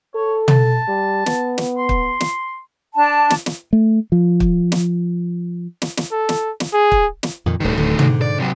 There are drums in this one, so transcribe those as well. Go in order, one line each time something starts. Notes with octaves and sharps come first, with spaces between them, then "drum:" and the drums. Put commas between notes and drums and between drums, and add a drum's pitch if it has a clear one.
A4 C#5
A5, drum: tom
G3
B3, drum: snare
drum: snare
C6
drum: kick
drum: snare
D4 A5
drum: snare
drum: snare
A3
F3
drum: kick
drum: snare
drum: snare
drum: snare
A4
drum: snare
drum: snare
G#4
drum: kick
drum: snare
F2 A#2 D#3
D#1 G2 D#3 A3
D1 D2 D3
G#2 D3, drum: tom
D5
C3 F#3